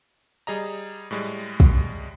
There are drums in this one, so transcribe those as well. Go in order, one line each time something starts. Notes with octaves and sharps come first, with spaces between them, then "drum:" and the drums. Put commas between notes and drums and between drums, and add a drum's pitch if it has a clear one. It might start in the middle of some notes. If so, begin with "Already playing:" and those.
G3 G#4 D#5 A#5
A2 G3 G#3
drum: kick